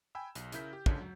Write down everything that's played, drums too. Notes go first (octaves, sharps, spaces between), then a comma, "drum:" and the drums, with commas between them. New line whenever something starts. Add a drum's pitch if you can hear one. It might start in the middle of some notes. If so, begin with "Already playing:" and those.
G5 G#5 B5 E6
B1, drum: hi-hat
C#3 E4 A#4 G6 B6, drum: hi-hat
G4
C#2 D3 G#3 C#4, drum: kick
F#3